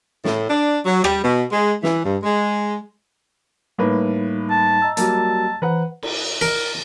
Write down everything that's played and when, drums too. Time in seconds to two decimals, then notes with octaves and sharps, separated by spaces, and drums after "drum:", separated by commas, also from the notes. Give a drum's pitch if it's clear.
0.25 A2, drum: snare
0.49 D4
0.86 F#3
1.04 G3, drum: rim click
1.24 B2
1.52 G#3
1.83 E3, drum: snare
2.04 G2
2.23 G#3
3.78 A2 G3 A#3 D#4 B4
4.50 A5
4.82 D#5 A#5 E6
4.97 F#3 G3 A#3 A5, drum: hi-hat
5.62 E3 B4 C5 F#5 A#5
6.03 drum: cymbal
6.41 A#4